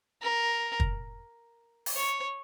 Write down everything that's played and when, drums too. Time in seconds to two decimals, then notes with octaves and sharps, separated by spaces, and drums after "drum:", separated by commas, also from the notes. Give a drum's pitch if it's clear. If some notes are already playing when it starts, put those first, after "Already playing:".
0.22 A#4
0.80 drum: kick
1.86 drum: open hi-hat
1.96 C#5